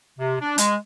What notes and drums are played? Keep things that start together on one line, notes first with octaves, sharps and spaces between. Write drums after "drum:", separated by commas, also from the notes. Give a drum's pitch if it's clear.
C3
D4
G#3, drum: hi-hat